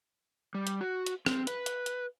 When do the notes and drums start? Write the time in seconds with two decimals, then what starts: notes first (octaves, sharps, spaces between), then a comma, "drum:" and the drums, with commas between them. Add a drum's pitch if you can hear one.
0.55 G3
0.67 drum: hi-hat
0.81 F#4
1.06 drum: hi-hat
1.26 C4, drum: rim click
1.47 B4, drum: hi-hat
1.66 drum: hi-hat
1.86 drum: hi-hat